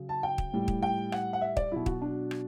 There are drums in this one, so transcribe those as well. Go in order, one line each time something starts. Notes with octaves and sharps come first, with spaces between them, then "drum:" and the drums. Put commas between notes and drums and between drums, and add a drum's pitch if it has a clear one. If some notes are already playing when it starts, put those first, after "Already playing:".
Already playing: C#3 F#3
A5
G5
drum: kick
A2 G3
drum: kick
G5
F#5, drum: rim click
F#5
E5
D5, drum: kick
B2 F#3 E4
F#4, drum: kick
D4
drum: rim click